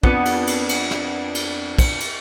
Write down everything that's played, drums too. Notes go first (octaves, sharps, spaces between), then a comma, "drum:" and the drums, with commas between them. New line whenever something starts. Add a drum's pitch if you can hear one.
F2 B3 D4 C#7, drum: kick
drum: cymbal
drum: cymbal
drum: cymbal
drum: snare
drum: cymbal
drum: kick, cymbal
drum: cymbal